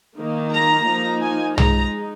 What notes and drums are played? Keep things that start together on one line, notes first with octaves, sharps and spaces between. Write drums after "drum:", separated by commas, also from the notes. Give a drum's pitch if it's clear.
D#3 A#3 D#4
A#5
F3 A#3 D#4
G#5
G#3 D#4 A#5, drum: tom